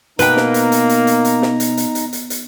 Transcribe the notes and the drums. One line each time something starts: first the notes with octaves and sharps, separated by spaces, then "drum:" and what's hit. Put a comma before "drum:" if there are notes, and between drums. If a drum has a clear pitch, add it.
B2 A#3 D#4 B4 G5 A#5, drum: hi-hat
drum: snare
drum: hi-hat
drum: hi-hat
drum: hi-hat
drum: hi-hat
drum: hi-hat
drum: snare
drum: hi-hat
drum: hi-hat
drum: hi-hat
drum: hi-hat
drum: hi-hat